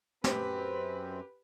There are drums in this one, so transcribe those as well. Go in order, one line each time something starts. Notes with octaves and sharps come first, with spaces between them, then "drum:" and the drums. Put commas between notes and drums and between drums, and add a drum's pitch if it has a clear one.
F#2 C4 G4 B4, drum: snare